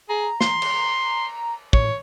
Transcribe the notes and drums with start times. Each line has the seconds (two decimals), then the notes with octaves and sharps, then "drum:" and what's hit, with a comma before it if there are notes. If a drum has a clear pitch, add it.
0.09 G#4 A#5
0.41 C6, drum: snare
0.62 drum: cymbal
1.73 A2 C#5, drum: kick